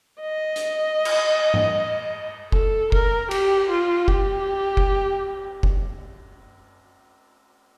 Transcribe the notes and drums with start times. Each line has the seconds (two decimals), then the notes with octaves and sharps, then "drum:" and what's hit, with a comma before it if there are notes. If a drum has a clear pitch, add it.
0.21 D#5
0.56 drum: hi-hat
1.05 drum: cymbal
1.54 drum: tom G#2
2.52 A4, drum: kick F1
2.92 A#4, drum: kick F1
3.31 G4, drum: cymbal
3.70 F4
4.08 G4, drum: kick F1
4.77 drum: kick F1
5.63 drum: kick F1